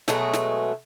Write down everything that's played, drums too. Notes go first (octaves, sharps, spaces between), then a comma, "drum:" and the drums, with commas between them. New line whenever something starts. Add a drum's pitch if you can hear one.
B2 F#3 G#3 A3, drum: snare
drum: snare